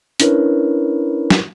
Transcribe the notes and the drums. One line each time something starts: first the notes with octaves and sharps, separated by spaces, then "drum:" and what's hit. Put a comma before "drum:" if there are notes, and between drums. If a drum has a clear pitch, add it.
C#4 D4 E4 A#4 B4 C#5, drum: hi-hat
drum: snare